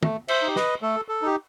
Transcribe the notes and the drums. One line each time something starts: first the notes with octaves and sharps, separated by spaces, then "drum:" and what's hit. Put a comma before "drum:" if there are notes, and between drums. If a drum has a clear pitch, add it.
A3, drum: tom
C5 E5, drum: cymbal
D#4 G4
B4 D#5, drum: snare
A3 A4
A4
D#4 G4